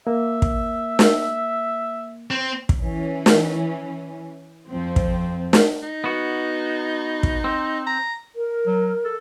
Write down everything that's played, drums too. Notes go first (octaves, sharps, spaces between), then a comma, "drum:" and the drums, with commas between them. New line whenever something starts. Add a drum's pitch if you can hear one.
A#3 E5
drum: kick
drum: snare
C4
drum: kick
E3 C#4
drum: snare
F2 F3 C4
drum: kick
drum: snare
D#4
B3 F#4
drum: kick
C4
A#5
A#4
F#3
A4